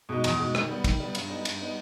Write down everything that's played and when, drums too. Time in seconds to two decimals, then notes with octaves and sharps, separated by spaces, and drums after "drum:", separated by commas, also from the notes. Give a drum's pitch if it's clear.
0.09 B2 G#3 D#4
0.24 E2, drum: cymbal
0.39 B2 G#3 D#4
0.55 D#3, drum: rim click
0.69 G3 B3
0.84 D#3, drum: kick, cymbal
1.00 G3 B3
1.15 G2, drum: cymbal
1.30 G3 B3 D#4
1.45 G2, drum: cymbal
1.61 G3 B3 D#4